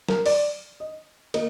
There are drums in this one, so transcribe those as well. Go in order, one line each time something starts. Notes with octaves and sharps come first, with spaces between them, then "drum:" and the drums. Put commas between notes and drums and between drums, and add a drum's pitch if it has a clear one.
A#4, drum: snare
D5, drum: open hi-hat
D#5
A#3 D#5, drum: cymbal